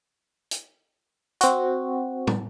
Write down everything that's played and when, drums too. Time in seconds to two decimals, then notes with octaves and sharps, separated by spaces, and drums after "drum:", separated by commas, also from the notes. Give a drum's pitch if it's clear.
0.51 drum: hi-hat
1.41 C4 F#4, drum: hi-hat
2.27 drum: tom